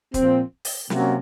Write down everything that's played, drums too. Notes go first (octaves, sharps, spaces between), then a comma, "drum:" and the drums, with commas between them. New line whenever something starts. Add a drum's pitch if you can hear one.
A#2 F3 C4, drum: kick, hi-hat
drum: open hi-hat
C3 F#3 A#3 C#4 F#4, drum: snare